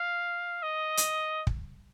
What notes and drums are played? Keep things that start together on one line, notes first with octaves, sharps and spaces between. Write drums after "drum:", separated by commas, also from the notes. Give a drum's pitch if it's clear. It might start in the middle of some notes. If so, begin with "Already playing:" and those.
Already playing: F5
D#5
drum: hi-hat
drum: kick